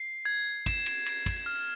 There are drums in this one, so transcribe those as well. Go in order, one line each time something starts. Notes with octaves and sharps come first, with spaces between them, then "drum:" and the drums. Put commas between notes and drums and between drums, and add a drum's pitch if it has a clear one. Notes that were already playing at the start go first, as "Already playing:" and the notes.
Already playing: C7
G#6
E7, drum: kick, cymbal
drum: cymbal
C7, drum: cymbal
drum: kick, cymbal
F6